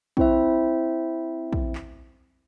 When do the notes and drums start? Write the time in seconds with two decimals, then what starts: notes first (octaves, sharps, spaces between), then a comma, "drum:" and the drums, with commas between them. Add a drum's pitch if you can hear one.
0.17 C4 E4 C5 E5, drum: kick
1.53 drum: kick
1.75 drum: clap